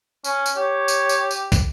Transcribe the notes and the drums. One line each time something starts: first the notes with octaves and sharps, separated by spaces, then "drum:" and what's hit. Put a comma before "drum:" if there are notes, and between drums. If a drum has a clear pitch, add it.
C#4, drum: tambourine
drum: tambourine
G4 C#5
drum: tambourine
drum: tambourine
drum: tambourine
drum: kick, tambourine